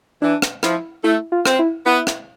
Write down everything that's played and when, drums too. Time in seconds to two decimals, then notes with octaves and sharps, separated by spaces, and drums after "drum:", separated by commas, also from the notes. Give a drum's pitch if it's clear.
0.22 E3 D4
0.42 drum: rim click
0.63 F3 E4, drum: rim click
1.03 A3 E4
1.32 F4
1.46 C4, drum: rim click
1.59 E4
1.86 B3 E4
2.07 drum: rim click